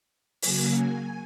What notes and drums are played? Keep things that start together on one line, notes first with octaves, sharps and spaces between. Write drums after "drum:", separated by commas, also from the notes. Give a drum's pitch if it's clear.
C#3 F#3 A#3 G#5, drum: open hi-hat